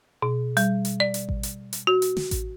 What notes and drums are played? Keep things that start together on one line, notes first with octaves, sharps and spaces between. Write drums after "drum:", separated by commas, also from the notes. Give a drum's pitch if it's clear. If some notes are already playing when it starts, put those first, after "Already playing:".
B2
G3, drum: hi-hat
drum: hi-hat
D5
drum: hi-hat
drum: kick A1
drum: hi-hat
drum: hi-hat
F#4
drum: hi-hat
drum: snare
drum: kick A1, hi-hat